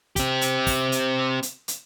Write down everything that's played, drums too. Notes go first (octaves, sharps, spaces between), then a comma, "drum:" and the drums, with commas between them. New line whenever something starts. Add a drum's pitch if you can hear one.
C4 G4, drum: kick, hi-hat
drum: hi-hat
drum: kick, open hi-hat
drum: hi-hat
drum: hi-hat
drum: hi-hat